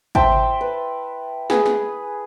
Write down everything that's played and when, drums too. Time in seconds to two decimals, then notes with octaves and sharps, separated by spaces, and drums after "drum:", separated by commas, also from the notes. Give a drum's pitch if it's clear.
0.15 C5 E5 G5 A5, drum: kick
0.32 drum: tom
0.61 B4
1.50 G#4 B4, drum: snare
1.66 drum: snare